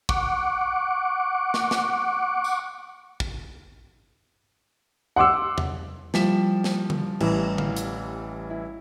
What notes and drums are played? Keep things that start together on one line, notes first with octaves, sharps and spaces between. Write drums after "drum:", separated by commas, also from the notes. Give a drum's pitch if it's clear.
F#5 C#6 D6, drum: kick
drum: snare
drum: snare
drum: tambourine
drum: kick
F#5 C6 D6 E6
drum: tom E2
F3 G3 E4 B6 E7, drum: snare
drum: snare
drum: tom D3
A1 E3 G3 A#5, drum: cymbal
F5, drum: tom D3
drum: hi-hat
E4